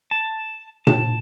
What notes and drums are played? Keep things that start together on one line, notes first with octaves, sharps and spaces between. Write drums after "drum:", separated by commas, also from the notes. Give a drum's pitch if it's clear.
A5
A5, drum: tom A#2